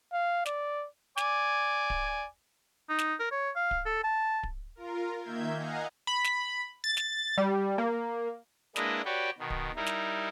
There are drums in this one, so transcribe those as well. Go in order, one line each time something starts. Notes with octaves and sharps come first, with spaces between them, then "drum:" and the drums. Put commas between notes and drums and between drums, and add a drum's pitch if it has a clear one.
F5
D5, drum: snare
D5 G#5 D6, drum: snare
drum: kick D1
D#4
drum: snare
A#4
C#5
F5
drum: kick D1
A4
A5
drum: kick D1
F4 A#4
D#3 A#3 E5 G6 G#6
D#5 F5 F#5 G#5 A#5
B5
drum: snare
A6
drum: snare
G3
A#3
G#3 A#3 D4 E4 B4 D#5, drum: snare
F#4 G4 B4 C#5 D5 G5
B2 D#3
drum: kick D1
G3 D#4 E4 A#4
drum: snare